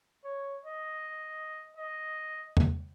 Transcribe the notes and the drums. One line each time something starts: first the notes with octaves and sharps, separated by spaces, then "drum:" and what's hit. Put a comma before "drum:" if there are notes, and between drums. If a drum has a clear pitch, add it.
C#5
D#5
D#5
drum: tom E2